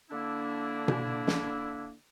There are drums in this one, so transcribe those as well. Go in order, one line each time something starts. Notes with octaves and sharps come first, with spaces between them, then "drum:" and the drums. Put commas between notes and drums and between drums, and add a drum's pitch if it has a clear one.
D3 A#3 D4 E4
drum: tom B2
drum: snare